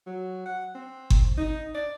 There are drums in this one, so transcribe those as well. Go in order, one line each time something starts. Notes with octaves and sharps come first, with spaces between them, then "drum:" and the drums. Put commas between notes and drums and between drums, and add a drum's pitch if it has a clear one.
F#3
F#5
C4
drum: kick G1
D#4
D5